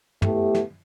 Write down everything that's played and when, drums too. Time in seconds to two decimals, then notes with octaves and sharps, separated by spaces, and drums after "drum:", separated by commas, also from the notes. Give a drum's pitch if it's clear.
0.22 A3 B3 E4 G4, drum: tom
0.54 drum: snare